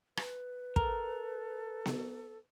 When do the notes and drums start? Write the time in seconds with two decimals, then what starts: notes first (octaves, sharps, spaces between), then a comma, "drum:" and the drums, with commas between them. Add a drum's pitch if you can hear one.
0.17 B4, drum: rim click
0.76 A4 A#4, drum: kick
1.86 drum: snare B3